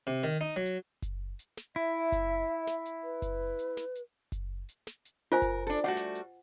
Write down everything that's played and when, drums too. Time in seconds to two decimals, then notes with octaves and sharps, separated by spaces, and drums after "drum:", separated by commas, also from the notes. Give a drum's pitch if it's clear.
0.07 C3
0.23 D#3
0.41 D#4
0.56 F#3
0.66 drum: hi-hat
1.02 drum: kick F#1, hi-hat
1.39 drum: hi-hat
1.57 drum: snare
1.76 E4 E5
2.12 drum: kick F#1, hi-hat
2.67 drum: snare
2.85 drum: hi-hat
3.04 B4
3.22 drum: kick F#1, hi-hat
3.59 drum: hi-hat
3.77 drum: snare
3.95 drum: hi-hat
4.32 drum: kick F#1, hi-hat
4.69 drum: hi-hat
4.87 drum: snare
5.05 drum: hi-hat
5.32 F4 A#4 C5 G#5
5.42 drum: kick F#1, hi-hat
5.67 D4 A4
5.84 G3 A3 F#4 F#5
5.97 drum: snare
6.15 drum: hi-hat